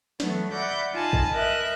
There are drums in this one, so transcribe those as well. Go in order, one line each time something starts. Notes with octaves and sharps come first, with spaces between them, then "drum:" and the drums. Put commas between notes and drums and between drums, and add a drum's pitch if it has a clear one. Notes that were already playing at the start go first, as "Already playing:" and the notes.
E3 F#3 A3 B3, drum: snare
D5 E5 F#5 B5 G6 A#6
D#4 F4 D#5 G#5 A5 B5
drum: kick
A#4 B4 D#5 E5 F#6